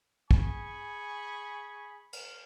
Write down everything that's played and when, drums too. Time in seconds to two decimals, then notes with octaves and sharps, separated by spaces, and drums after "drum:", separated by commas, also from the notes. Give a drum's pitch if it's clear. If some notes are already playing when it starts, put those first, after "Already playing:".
0.31 G#4 G#5 B5 C#6, drum: kick
2.13 drum: cymbal